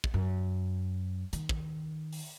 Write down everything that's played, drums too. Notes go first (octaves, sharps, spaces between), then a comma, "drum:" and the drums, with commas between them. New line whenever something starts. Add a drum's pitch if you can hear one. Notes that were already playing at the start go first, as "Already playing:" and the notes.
drum: kick
F#2
D#3, drum: hi-hat
drum: kick
drum: open hi-hat